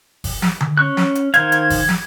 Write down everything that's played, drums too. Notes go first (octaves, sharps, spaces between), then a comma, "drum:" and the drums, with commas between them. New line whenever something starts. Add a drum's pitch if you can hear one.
drum: kick F#1, open hi-hat
drum: snare
drum: tom D3
C#4 C#6 F#6
drum: snare
drum: hi-hat
D#3 C5 F5 G#6, drum: hi-hat
drum: hi-hat
drum: kick F#1, open hi-hat
drum: snare